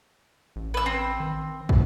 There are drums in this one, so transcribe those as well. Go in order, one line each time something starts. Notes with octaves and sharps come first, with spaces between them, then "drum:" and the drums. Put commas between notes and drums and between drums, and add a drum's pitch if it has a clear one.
A1
B4 E6
C4
D#3
B2, drum: kick